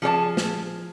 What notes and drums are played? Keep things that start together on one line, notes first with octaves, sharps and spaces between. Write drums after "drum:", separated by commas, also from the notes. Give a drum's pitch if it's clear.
F3 G#4 C#5 A5
drum: snare